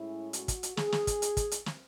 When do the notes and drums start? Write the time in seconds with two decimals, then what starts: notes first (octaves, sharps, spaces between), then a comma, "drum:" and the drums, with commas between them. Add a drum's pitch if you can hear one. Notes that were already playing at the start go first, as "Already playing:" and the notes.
Already playing: A2 G#3 C#4 E4
0.33 F#4, drum: hi-hat
0.48 drum: kick, hi-hat
0.63 drum: hi-hat
0.77 G#4, drum: snare
0.92 drum: snare
1.07 drum: kick, hi-hat
1.22 drum: hi-hat
1.37 drum: kick, hi-hat
1.51 drum: hi-hat
1.66 drum: snare